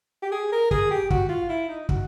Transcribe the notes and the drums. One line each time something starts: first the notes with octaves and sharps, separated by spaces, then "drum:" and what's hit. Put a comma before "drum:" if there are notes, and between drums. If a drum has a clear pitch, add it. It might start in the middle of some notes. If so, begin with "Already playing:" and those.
G4
G#4
A#4
G#4, drum: kick
G4
F#4, drum: kick
F4
E4
D#4
F#4, drum: kick